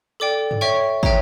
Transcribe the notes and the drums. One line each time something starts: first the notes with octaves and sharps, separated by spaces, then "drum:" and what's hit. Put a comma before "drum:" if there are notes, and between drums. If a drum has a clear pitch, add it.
A4 D5 G5 D6
drum: tom G2
C#5 E5 G5 C#6
C#5 E5 G5 A#5, drum: kick